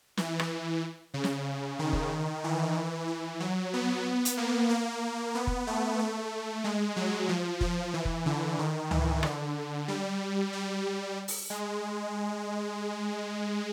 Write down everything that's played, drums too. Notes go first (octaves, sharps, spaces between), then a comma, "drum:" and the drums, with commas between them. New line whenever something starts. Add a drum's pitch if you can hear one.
E3, drum: snare
drum: rim click
C#3
drum: snare
D#3
drum: kick F1
E3
E3
F#3
B3
drum: hi-hat
A#3
A#3
B3
drum: kick F1
A3
A3
G#3
F#3
F3
F3, drum: kick F1
E3
drum: kick F1
D3
D#3
E3, drum: tom C#2
D3, drum: rim click
G3
G3
drum: open hi-hat
G#3